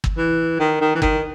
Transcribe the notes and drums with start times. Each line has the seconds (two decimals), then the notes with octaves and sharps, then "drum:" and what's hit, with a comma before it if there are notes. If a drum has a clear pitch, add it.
0.04 drum: kick
0.17 E3
0.60 D#3
0.81 D#3
0.95 E3
1.02 D#3, drum: kick